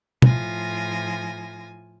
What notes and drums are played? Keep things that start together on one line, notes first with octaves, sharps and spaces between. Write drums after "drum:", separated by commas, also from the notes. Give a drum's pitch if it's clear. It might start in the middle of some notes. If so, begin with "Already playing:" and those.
A2 F3 F4 G#5 A#6, drum: tom